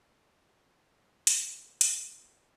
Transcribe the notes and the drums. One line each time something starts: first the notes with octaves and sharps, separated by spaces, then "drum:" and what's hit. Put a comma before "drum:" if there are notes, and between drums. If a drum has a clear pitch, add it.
C6
G#5, drum: hi-hat
B3, drum: hi-hat
F2